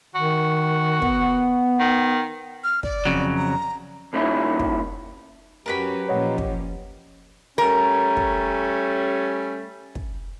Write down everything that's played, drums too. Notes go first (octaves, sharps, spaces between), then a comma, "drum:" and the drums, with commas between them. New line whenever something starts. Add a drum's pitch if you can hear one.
D#3 F#4
B3, drum: kick
D#3
F6
D5, drum: kick
F2 C#3 F#3
A#5
C2 A#2 C#4 D#4 E4
drum: kick
F#2 C#4 F#4 G4 A#4 B4 B5
A#2 F3 C#4 C#5 D#5 F#5
drum: kick
G3 A3 C#4 A#4
drum: kick
drum: kick